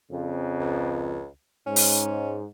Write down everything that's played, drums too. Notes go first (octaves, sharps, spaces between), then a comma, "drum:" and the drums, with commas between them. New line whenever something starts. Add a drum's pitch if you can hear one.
F2 C#3
C#2
G#2 C#4
drum: open hi-hat